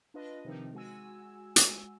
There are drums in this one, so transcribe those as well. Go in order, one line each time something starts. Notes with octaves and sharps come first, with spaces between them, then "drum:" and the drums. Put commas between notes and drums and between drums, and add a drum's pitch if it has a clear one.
D4 F4 B4 D#5
C3 D#3 F3 C4 D#4
G#3 F#4 G#5 E6
drum: hi-hat